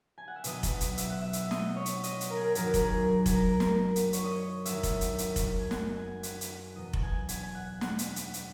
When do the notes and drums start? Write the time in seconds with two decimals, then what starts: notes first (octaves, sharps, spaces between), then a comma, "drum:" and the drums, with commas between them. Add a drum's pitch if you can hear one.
0.18 G#5
0.28 F#5
0.36 E5
0.44 B2 F#3 D#5, drum: hi-hat
0.63 drum: kick F1, hi-hat
0.81 drum: hi-hat
0.97 E5, drum: hi-hat
1.10 F#5
1.22 E5
1.33 drum: hi-hat
1.51 D#5, drum: snare
1.76 C#5
1.86 drum: hi-hat
2.03 D#5, drum: hi-hat
2.21 drum: hi-hat
2.30 A#4
2.36 G#4
2.45 A#4
2.55 F#2 D#3 F#3 A#4, drum: hi-hat
2.74 A#4, drum: kick F1, hi-hat
2.82 G#4
3.08 G#4
3.26 drum: kick F1, hi-hat
3.35 A#4
3.60 A#4, drum: snare
3.96 drum: hi-hat
4.13 C#5, drum: hi-hat
4.24 D#5
4.34 C#5
4.65 F#2 D#3 G#3 E5, drum: hi-hat
4.83 drum: kick F1, hi-hat
5.01 drum: hi-hat
5.18 drum: hi-hat
5.36 drum: kick F1, hi-hat
5.59 G#5
5.71 F#5, drum: snare
5.97 G#5
6.23 F#5, drum: hi-hat
6.41 drum: hi-hat
6.75 E2 B2 F#3 D#5
6.93 drum: kick F1
7.03 G#5
7.29 G#5, drum: hi-hat
7.43 G#5
7.55 F#5
7.81 F#5, drum: snare
7.98 drum: hi-hat
8.16 drum: hi-hat
8.34 drum: hi-hat